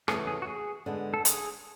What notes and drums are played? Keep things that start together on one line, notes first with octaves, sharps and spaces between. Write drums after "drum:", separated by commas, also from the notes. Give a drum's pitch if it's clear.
E2 C#3 E3 A3 G#4, drum: rim click
G#4
F#4
G#4
D3 G#3 B3
A4
G#4, drum: hi-hat